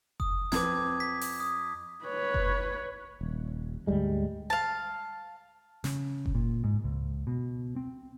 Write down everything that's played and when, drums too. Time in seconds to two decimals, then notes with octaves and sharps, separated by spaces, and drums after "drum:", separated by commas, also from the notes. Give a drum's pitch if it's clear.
0.20 D#6, drum: kick F#1
0.52 F2 B4 D6 G#6, drum: snare
1.00 B6
1.21 drum: open hi-hat
1.40 D#6
2.05 B4 C#5
2.34 drum: kick F#1
3.21 D#1
3.87 D2 G#2 G3 G#3
4.50 F5 A5
5.84 C#3, drum: snare
6.26 drum: kick F#1
6.35 A#2
6.64 G#2
6.84 C#2
7.27 B2
7.76 C4